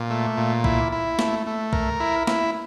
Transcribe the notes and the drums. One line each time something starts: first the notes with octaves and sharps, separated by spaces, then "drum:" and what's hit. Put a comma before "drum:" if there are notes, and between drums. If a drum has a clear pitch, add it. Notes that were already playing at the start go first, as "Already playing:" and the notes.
Already playing: A#2
A3
A#2
E4, drum: kick B1
E4
A3, drum: snare
A3
A#4, drum: kick B1
E4
E4, drum: snare